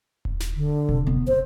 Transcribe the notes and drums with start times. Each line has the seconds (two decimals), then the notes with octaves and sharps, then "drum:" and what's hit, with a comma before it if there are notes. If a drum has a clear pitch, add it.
0.25 drum: kick D#1
0.40 drum: snare
0.56 D3
0.89 C3, drum: kick D#1
1.07 A3 B3
1.27 F#1 C5